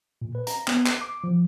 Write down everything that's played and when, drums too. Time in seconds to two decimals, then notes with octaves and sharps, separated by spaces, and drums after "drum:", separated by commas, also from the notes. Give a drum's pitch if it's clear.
0.22 A#2
0.35 B4
0.47 A#5, drum: hi-hat
0.68 B3, drum: clap
0.86 C7, drum: clap
1.01 D6
1.24 F3